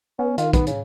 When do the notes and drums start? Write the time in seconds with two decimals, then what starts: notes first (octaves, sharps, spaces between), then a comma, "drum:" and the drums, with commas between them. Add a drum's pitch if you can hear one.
0.19 B3 C#4
0.38 D#3 F4, drum: hi-hat
0.53 B3, drum: kick, hi-hat
0.67 C#3, drum: hi-hat